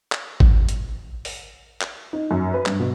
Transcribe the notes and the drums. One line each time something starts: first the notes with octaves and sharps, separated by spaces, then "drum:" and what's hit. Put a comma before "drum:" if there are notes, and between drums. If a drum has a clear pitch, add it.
drum: clap
drum: kick
drum: hi-hat
drum: open hi-hat
drum: clap
D#4
F#2
B4
G2, drum: clap
B2